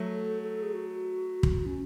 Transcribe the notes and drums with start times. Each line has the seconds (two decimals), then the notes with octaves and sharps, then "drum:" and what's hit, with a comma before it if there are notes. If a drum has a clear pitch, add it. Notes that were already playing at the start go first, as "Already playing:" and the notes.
Already playing: F#3 A3
0.13 A4
0.43 A4
0.62 G#4
0.74 F#4
1.43 drum: kick
1.66 C#4